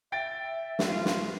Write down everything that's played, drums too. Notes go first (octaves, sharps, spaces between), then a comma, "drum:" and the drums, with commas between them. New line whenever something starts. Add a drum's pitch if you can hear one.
E5 G5 A6 D7
drum: snare
F4
drum: snare